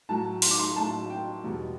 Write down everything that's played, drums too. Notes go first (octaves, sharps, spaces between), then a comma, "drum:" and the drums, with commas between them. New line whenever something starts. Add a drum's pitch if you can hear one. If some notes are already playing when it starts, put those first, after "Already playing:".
A2 F#3 A5
C6, drum: open hi-hat
D6
C6
A2 F#3 A5
G5
E2 B2 G3